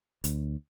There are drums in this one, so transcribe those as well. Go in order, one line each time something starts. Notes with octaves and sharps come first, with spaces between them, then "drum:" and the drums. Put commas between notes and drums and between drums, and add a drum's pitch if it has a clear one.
D2, drum: hi-hat